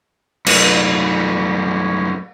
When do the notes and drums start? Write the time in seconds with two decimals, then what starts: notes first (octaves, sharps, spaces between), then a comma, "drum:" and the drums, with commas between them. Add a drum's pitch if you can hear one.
0.47 F#2 A3, drum: cymbal